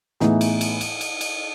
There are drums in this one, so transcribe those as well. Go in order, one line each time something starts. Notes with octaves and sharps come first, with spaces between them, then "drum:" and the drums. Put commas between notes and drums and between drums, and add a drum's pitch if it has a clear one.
A2 E3 B3 D#4 G#4, drum: snare
drum: cymbal
drum: cymbal
drum: cymbal
drum: cymbal
drum: cymbal